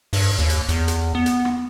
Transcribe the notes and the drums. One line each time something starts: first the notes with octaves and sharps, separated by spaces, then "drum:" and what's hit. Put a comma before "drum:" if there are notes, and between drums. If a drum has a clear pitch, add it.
G2, drum: open hi-hat
D#2
drum: hi-hat
E2, drum: hi-hat
drum: hi-hat
B3
drum: hi-hat
drum: rim click